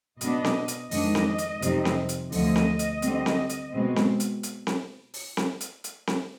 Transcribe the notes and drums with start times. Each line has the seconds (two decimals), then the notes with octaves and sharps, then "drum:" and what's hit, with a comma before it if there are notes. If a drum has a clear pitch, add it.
0.21 B2 B3 D4 D#5, drum: hi-hat
0.44 drum: snare C4
0.68 drum: hi-hat
0.91 F2 D#3 G#3 D4 D#5, drum: open hi-hat
1.15 drum: snare C4
1.38 drum: hi-hat
1.62 F2 C3 G3 C4 D#4, drum: hi-hat
1.85 drum: snare C4
2.09 drum: hi-hat
2.32 D2 D3 F3 D#5, drum: open hi-hat
2.56 drum: snare C4
2.79 drum: hi-hat
3.02 D3 G3 C4, drum: hi-hat
3.26 drum: snare C4
3.49 drum: hi-hat
3.73 B2 G#3 C4
3.96 drum: snare C4
4.20 drum: hi-hat
4.43 drum: hi-hat
4.67 drum: snare C4
5.14 drum: open hi-hat
5.37 drum: snare C4
5.60 drum: hi-hat
5.84 drum: hi-hat
6.07 drum: snare C4